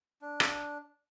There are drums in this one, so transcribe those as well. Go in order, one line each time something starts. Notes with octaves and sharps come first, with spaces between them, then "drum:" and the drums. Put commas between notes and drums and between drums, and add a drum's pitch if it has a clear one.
D4
drum: rim click